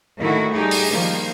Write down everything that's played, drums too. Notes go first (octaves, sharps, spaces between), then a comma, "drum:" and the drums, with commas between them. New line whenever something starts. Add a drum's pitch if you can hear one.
A2 D3 D#3 A#3 E4 F#4
G3 A3 D#4 G4 G#4
drum: open hi-hat
D#3 F3 G3 A#3